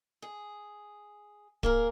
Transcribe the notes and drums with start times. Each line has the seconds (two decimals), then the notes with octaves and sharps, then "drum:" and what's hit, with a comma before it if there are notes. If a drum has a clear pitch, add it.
0.22 G#4
1.63 A#3 G#4 A#4, drum: kick D1